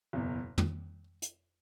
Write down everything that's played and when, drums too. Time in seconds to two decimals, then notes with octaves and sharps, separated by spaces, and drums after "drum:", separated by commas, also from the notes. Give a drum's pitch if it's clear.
0.13 F#1 E2 B2
0.58 drum: tom
1.22 drum: hi-hat